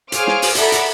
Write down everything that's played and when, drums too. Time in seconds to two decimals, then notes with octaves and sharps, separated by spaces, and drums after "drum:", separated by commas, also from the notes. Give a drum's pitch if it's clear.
0.12 G#4 C5 C#5 F5 D6 F6, drum: hi-hat
0.27 drum: snare
0.42 drum: open hi-hat
0.55 A4 D5 E5 F#5 A#5 B5, drum: hi-hat
0.72 drum: hi-hat